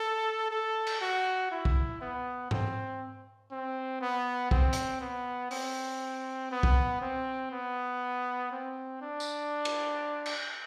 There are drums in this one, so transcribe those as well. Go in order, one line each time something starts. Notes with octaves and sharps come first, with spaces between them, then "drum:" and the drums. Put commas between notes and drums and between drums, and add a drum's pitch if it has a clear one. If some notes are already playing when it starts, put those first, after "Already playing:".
Already playing: A4
A4
drum: cymbal
F#4
E4
drum: kick
B3
C4, drum: tom G#2
C4
B3
C4, drum: kick
drum: hi-hat
B3
C4, drum: open hi-hat
B3
drum: kick
C4
B3
C4
D4
drum: tambourine
drum: cymbal
drum: cymbal